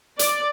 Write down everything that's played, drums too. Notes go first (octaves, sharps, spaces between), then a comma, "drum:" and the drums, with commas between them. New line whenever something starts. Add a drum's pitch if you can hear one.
D5, drum: hi-hat